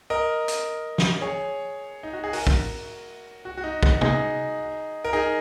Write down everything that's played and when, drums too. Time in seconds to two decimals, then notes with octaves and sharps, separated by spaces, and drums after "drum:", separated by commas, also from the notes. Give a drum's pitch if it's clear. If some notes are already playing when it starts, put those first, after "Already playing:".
0.10 A#4 D#5
0.48 drum: hi-hat
0.98 drum: snare
1.21 G#4 C#5
2.03 D#4
2.13 F#4
2.24 G#4
2.33 F#4 A#4, drum: open hi-hat
2.47 drum: kick
3.45 F#4
3.57 F#4
3.64 D#4
3.83 F#4, drum: kick
4.01 D#4 G#4, drum: tom
5.04 A#4
5.13 D#4 G#4